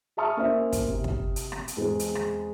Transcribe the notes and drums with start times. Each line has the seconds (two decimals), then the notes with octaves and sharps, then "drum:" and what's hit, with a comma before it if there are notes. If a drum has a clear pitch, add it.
0.17 G#4 E5 A5 C#6 D#6 F6
0.37 A#3 C#4 E4 C5 E5
0.73 drum: kick, hi-hat
0.88 C3
1.04 drum: kick
1.36 drum: hi-hat
1.52 drum: rim click
1.68 drum: hi-hat
1.77 E2 G#3 C4
1.99 drum: hi-hat
2.15 drum: rim click